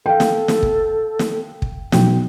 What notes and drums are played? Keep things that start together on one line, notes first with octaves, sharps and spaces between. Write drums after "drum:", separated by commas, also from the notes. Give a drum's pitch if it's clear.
A4 F5 G5
drum: snare
drum: snare
drum: kick
drum: snare
drum: kick
B1 G5, drum: snare